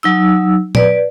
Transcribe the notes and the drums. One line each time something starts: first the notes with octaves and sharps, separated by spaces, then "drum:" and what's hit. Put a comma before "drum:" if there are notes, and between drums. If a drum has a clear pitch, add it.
F#3 D#4 E6
B4 D5, drum: tom A#2